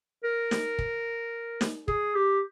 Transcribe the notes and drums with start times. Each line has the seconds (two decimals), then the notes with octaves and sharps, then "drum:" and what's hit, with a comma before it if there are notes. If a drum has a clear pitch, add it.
0.24 A#4
0.51 drum: snare
0.79 drum: kick
1.61 drum: snare
1.88 G#4, drum: kick
2.15 G4